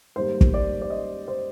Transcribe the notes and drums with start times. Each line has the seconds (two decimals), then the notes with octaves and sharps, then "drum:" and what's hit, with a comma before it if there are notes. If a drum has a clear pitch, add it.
0.16 G#2 D#3 G3 A#3 C5
0.41 drum: kick
0.54 D5
0.82 D5
0.90 D#5
1.28 C5